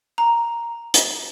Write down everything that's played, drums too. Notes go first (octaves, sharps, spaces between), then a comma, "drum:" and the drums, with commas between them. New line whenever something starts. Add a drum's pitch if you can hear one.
A#5
drum: hi-hat